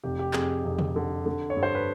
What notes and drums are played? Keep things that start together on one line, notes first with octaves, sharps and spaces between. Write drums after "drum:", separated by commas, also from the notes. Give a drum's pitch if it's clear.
F1 G4
G4
F2 G#4, drum: clap
F1
drum: tom
D3
D3
C#5
G2
C5
B4